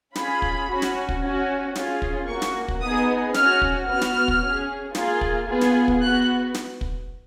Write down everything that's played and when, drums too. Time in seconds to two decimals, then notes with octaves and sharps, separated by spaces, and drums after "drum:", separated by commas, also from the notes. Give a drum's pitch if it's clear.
0.15 C#4 F4 G#4 B5, drum: snare
0.42 drum: kick
0.69 C#4 F#4
0.82 drum: snare
1.09 drum: kick
1.22 C#4 F#4
1.75 C#4 F4 G#4, drum: snare
2.02 drum: kick
2.28 A#3 C#4 F#4 C#6
2.42 drum: snare
2.68 drum: kick
2.82 B3 D#4 G#4 D#6
3.34 C#4 F#4 F6, drum: snare
3.62 drum: kick
3.88 B3 F#4 F6
4.01 drum: snare
4.28 drum: kick
4.42 C#4 G#4
4.95 A#3 F4 G#4, drum: snare
5.21 drum: kick
5.49 B3 F4 G#4
5.61 drum: snare
5.88 drum: kick
6.02 B3 F#4 F#6
6.54 drum: snare
6.81 drum: kick